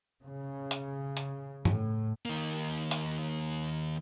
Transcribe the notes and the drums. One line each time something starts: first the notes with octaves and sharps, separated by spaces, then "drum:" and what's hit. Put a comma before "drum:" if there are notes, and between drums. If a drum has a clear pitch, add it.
C#3
drum: hi-hat
drum: hi-hat
A2, drum: tom G2
D#3 A#3
drum: hi-hat